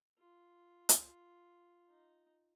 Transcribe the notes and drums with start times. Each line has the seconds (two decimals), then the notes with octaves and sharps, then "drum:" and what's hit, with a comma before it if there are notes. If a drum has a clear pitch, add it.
0.19 F4
0.89 drum: hi-hat
1.89 D#4